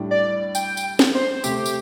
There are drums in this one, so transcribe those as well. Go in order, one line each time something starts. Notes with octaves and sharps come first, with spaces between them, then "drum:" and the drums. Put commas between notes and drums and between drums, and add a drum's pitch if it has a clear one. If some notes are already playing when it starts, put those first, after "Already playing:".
Already playing: A2 G3 D4
D5
G5, drum: tambourine
drum: tambourine
drum: snare
C5
C3 A3 C4 G4, drum: tambourine
drum: tambourine